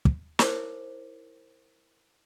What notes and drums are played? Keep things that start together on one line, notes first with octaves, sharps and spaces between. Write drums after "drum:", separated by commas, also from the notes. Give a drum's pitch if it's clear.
drum: kick
D#4 E4 A#4 C5 C#5 D6, drum: snare